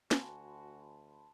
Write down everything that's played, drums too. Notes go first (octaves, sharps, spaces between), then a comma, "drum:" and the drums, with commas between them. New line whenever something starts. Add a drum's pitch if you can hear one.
D2 F#4 G#5 A5 B5 C6, drum: snare